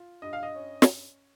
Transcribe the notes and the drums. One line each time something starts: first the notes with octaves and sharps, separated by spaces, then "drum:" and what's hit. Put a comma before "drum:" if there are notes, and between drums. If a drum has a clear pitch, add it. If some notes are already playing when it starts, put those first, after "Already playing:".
Already playing: F4
G2 D#5
F5
D#5
C#4
drum: snare